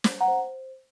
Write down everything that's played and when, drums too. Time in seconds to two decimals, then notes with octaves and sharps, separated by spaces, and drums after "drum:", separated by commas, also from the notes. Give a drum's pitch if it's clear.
0.04 C5, drum: snare
0.21 F#5 A#5
0.28 C5